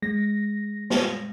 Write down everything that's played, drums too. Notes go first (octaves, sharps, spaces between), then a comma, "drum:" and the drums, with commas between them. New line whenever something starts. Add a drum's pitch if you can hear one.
G#3 A#6
drum: snare